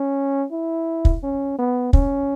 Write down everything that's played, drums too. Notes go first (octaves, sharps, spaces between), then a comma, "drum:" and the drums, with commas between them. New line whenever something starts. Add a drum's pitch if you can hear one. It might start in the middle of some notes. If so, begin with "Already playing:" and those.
Already playing: C#4
E4
drum: kick
C#4
B3
C#4, drum: kick